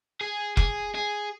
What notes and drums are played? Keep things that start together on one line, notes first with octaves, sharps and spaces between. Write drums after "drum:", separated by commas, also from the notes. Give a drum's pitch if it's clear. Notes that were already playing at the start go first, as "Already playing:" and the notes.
G#4
G#4, drum: kick F1
G#4